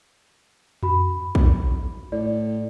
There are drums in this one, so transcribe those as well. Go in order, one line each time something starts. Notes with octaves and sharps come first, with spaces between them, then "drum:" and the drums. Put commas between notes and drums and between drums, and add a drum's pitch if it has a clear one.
F#4 B5, drum: tom F2
drum: kick
A2 D5